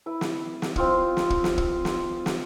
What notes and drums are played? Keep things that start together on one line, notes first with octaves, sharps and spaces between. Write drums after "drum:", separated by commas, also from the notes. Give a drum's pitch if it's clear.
E4 B4
drum: snare
drum: snare
C4 F4 D#5, drum: kick
drum: snare
drum: kick
drum: snare
drum: kick
drum: snare
drum: snare